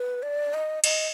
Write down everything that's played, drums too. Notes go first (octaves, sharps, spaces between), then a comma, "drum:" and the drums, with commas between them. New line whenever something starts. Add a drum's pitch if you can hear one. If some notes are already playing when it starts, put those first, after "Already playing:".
Already playing: B4
D5
D#5
D#5, drum: cymbal